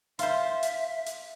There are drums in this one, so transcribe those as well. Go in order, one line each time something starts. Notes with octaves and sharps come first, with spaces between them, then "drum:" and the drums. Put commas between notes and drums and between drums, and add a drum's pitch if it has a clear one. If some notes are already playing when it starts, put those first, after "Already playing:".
F4 C5 E5, drum: hi-hat
drum: hi-hat
drum: hi-hat